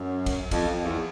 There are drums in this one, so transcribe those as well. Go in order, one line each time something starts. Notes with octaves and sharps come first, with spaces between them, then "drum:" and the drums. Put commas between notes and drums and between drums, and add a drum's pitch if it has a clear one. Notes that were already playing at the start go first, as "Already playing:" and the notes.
Already playing: F#2
drum: kick, cymbal
F2, drum: kick, cymbal
F2
E2